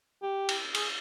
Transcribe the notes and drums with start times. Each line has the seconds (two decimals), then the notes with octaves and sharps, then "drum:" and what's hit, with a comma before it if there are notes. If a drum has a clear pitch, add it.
0.23 G4
0.49 drum: cymbal
0.74 G#4, drum: cymbal